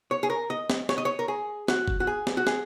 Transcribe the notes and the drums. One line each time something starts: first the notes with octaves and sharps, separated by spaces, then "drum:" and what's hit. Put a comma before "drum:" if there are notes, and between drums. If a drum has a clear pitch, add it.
C#5
G#4
A#4
D#5
drum: snare
C#5, drum: snare
D#5
C#5
A#4
G#4
F#4, drum: snare
drum: kick F#1
F#4
G#4
drum: snare
F#4
G#4, drum: snare